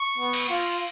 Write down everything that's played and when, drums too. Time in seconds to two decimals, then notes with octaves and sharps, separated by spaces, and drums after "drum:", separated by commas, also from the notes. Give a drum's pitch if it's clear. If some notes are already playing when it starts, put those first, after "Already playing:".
Already playing: C#6
0.18 B3
0.33 drum: cymbal
0.50 F4